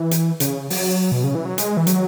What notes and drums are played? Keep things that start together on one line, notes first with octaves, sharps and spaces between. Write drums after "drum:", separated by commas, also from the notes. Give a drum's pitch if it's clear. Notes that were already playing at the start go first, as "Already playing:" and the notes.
Already playing: E3
drum: hi-hat
C#3, drum: hi-hat
F#3, drum: open hi-hat
B2
C#3
E3
F#3
G#3, drum: hi-hat
E3
F#3, drum: hi-hat